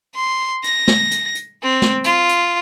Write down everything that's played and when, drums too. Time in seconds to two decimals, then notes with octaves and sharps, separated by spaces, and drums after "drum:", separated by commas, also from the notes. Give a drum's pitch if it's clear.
0.15 C6
0.64 A#6, drum: hi-hat
0.88 drum: snare
1.11 drum: hi-hat
1.35 drum: hi-hat
1.63 C4
1.82 drum: snare
2.04 F4, drum: hi-hat
2.29 drum: hi-hat